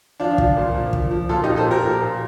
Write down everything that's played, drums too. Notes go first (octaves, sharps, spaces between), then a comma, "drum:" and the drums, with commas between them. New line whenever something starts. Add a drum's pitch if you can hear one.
F3 D4 F4
F3, drum: kick
A#2
F3
F3, drum: kick
F3
A#2 F4 A4
D#4 G4
A#2
A4 C5
A#2
G4 A#4
F3
A#2